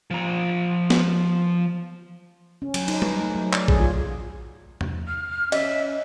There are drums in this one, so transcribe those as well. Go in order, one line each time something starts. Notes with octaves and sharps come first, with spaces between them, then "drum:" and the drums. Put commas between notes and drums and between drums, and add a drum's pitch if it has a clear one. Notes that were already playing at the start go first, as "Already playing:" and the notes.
F3 A#5
drum: snare
C#4
F#3, drum: cymbal
D#4, drum: cymbal
B4, drum: tom G3
A3
F#3
D5, drum: clap
G#4, drum: kick A#1
F4
drum: tom
F6
C#4 D#5 E5, drum: cymbal